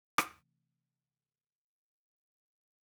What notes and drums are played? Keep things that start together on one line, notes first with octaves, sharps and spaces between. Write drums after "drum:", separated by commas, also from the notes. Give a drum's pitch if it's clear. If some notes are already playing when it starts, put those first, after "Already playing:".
C3 E3 A3, drum: rim click